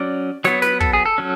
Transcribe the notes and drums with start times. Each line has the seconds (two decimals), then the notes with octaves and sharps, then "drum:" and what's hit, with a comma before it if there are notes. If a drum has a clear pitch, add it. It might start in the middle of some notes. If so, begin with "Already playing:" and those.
Already playing: F#3 C#4 D5
0.44 F#3 B3 C#5, drum: snare
0.62 B4, drum: snare
0.80 A4, drum: kick
0.93 G#4
1.06 A4
1.18 F#3 C#4